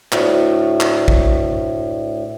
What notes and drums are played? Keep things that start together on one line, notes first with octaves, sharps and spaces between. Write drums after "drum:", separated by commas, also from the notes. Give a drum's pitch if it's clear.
D2 A2, drum: clap
drum: clap
drum: kick